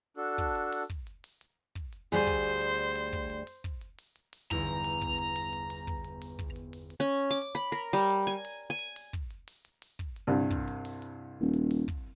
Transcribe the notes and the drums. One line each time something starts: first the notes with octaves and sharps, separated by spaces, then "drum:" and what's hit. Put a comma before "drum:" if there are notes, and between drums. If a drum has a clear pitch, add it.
D4 F#4 A4
drum: kick
drum: hi-hat
drum: open hi-hat
drum: kick, hi-hat
drum: hi-hat
drum: open hi-hat
drum: hi-hat
drum: kick, hi-hat
drum: hi-hat
D2 G3 G#4 C5, drum: open hi-hat
drum: kick, hi-hat
drum: hi-hat
drum: open hi-hat
drum: hi-hat
drum: open hi-hat
drum: kick, hi-hat
drum: hi-hat
drum: open hi-hat
drum: kick, hi-hat
drum: hi-hat
drum: open hi-hat
drum: hi-hat
drum: open hi-hat
G1 E2 E4 A#5, drum: kick, hi-hat
drum: hi-hat
drum: open hi-hat
drum: kick, hi-hat
drum: hi-hat
drum: open hi-hat
drum: hi-hat
drum: open hi-hat
drum: kick
drum: hi-hat
drum: open hi-hat
drum: kick, hi-hat
drum: hi-hat
drum: open hi-hat
drum: hi-hat
C#4
D6
drum: hi-hat
B5
A#4
G3, drum: hi-hat
drum: open hi-hat
G#5, drum: hi-hat
drum: open hi-hat
G#5
drum: hi-hat
drum: open hi-hat
drum: kick, hi-hat
drum: hi-hat
drum: open hi-hat
drum: hi-hat
drum: open hi-hat
drum: kick, hi-hat
drum: hi-hat
C2 G2
drum: kick, hi-hat
drum: hi-hat
drum: open hi-hat
drum: hi-hat
D#1
drum: hi-hat
drum: open hi-hat
drum: kick, hi-hat